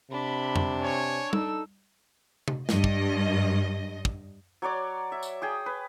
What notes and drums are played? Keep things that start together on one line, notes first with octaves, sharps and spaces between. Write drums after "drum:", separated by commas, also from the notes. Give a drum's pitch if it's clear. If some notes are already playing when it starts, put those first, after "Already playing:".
C3 D4 B5
drum: tom F2
C#5 G#5
D#4 A4 E6, drum: tom G3
drum: tom C3
G2 D#5, drum: snare
drum: kick
drum: kick
F#3 C#5 D5 D6
E5
drum: tambourine
G#4 G5 D#6
B4